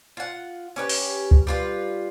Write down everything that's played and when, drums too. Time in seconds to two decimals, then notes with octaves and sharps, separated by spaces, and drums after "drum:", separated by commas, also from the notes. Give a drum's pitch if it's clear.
0.17 F4 F#5
0.76 C#4 G4 B4
0.89 drum: open hi-hat
1.31 drum: kick C#2
1.47 G3 F4 B4